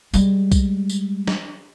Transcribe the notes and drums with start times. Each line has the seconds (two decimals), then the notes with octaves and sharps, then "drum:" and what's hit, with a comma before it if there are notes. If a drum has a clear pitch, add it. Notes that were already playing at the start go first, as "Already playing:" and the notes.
0.14 G3 G#3, drum: tambourine
0.52 drum: kick B1, tambourine
0.90 drum: tambourine
1.28 drum: snare